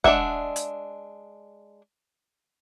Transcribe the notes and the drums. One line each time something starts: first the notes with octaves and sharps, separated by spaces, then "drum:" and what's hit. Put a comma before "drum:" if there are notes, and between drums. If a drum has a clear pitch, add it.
G#3 D4 D#4 E5 F#5, drum: kick
drum: hi-hat